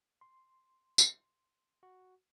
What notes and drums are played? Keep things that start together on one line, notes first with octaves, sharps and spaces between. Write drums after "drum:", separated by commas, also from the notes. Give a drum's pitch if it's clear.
C6
drum: tambourine
F#4